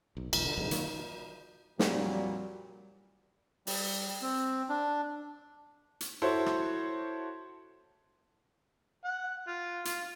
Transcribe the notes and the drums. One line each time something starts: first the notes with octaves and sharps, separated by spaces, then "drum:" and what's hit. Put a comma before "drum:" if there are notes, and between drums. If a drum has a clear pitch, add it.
B1
E1 B1, drum: cymbal
D3
F#1 F2 G#2 C3
D#3 F#3 A#3, drum: hi-hat
F2 A#2 F#3 G3, drum: snare
G3, drum: open hi-hat
C4
D4
drum: hi-hat
E4 F#4 A4 C5 C#5
drum: rim click
F#5
F4
F4, drum: hi-hat